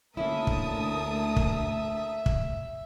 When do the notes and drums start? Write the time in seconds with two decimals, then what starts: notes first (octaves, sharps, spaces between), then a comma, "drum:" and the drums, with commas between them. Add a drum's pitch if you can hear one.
0.17 D2 A#3 C#4 E4 A#4 E5 A5 D#6
0.47 drum: kick
1.36 drum: kick
2.26 drum: kick